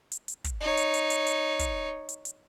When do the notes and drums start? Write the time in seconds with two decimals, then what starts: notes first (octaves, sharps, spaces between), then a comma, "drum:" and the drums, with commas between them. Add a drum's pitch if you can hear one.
0.12 drum: hi-hat
0.28 drum: hi-hat
0.44 drum: kick, hi-hat
0.61 D#4 C#5
0.77 drum: hi-hat
0.94 drum: hi-hat
1.10 drum: hi-hat
1.27 drum: hi-hat
1.59 drum: kick, hi-hat
2.09 drum: hi-hat
2.25 drum: hi-hat